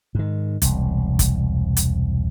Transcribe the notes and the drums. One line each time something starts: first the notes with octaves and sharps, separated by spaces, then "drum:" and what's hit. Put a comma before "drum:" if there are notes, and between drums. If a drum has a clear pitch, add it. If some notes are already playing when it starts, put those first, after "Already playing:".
G#2 D#3
E1 C2, drum: hi-hat
drum: kick, hi-hat
drum: hi-hat